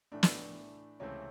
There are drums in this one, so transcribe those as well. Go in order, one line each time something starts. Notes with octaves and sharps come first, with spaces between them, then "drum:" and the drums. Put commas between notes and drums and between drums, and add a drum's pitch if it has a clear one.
A2 E3 A3 D4
drum: snare
C#2 C3 E3 A3 C4 C#4